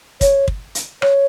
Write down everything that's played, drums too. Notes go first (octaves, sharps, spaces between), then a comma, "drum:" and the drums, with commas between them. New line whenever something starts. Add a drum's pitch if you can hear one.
C#5, drum: kick, hi-hat
drum: kick
drum: hi-hat
C#5, drum: rim click